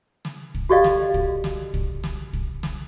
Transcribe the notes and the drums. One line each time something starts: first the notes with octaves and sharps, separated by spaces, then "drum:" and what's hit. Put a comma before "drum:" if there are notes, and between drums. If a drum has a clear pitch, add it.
drum: snare
drum: kick
F#4 G4 A4 D5 D#5 F5
drum: snare
drum: kick
drum: snare
drum: kick
drum: snare
drum: kick
drum: snare